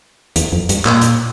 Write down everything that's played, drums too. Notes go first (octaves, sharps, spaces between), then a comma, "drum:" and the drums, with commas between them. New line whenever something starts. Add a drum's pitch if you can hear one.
E2, drum: hi-hat
F2
G2, drum: hi-hat
A#2, drum: clap
drum: hi-hat